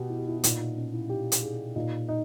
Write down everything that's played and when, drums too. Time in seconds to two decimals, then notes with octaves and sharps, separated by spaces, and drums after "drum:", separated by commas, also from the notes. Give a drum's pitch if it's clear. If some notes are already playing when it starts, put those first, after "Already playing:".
Already playing: B2 G4
0.10 E4
0.18 G4
0.28 E4
0.39 E4
0.44 A#2 D#4, drum: hi-hat
0.60 D#4
0.76 C#4
0.93 E4
1.09 G4
1.32 drum: hi-hat
1.43 G#4
1.76 A#2 D#4
2.08 D#4